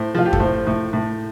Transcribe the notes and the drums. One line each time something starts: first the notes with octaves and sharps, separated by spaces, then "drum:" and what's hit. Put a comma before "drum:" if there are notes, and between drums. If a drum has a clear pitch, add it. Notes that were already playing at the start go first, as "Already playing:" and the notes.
Already playing: A2 C5
F3 F4
G4
A4, drum: kick F2
A2 C5
A2
A2